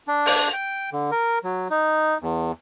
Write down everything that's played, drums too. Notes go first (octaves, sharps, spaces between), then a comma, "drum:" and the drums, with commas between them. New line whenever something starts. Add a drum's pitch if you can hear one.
D4
drum: open hi-hat
G5
D3
A#4
F#3
D#4
E2